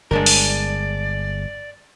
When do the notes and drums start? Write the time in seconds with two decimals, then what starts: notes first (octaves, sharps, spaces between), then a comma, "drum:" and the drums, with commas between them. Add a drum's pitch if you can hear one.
0.11 G1 G#3 D4 A#4 D5
0.26 drum: open hi-hat